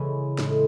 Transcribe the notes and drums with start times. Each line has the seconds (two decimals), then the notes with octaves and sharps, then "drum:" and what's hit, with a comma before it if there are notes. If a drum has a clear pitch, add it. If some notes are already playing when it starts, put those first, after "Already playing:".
Already playing: C#3 E3 G#3 G#5 B5
0.38 A2 G#3, drum: snare